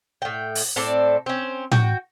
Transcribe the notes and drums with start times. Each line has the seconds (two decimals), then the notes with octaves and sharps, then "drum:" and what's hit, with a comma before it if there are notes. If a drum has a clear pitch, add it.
0.22 A2 G5
0.55 drum: open hi-hat
0.76 A2 C4 A4 D5
1.26 C4 C#4
1.72 F#4 G5, drum: tom A2